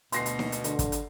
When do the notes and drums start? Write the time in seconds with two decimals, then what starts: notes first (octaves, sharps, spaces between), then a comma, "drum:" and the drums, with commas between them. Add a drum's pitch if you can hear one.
0.12 D2 B2 C6 A#6 C7, drum: hi-hat
0.26 drum: hi-hat
0.39 drum: snare D#4
0.52 drum: hi-hat
0.64 D3, drum: hi-hat
0.79 drum: kick, hi-hat
0.92 drum: hi-hat